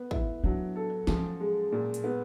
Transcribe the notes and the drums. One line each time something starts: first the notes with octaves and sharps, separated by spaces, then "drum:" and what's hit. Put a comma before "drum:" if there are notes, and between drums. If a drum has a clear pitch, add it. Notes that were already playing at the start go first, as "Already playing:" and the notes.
Already playing: B3
E4, drum: kick
F#3 D4
A4
F3 C#4, drum: snare
G#3
A#2
drum: hi-hat
B3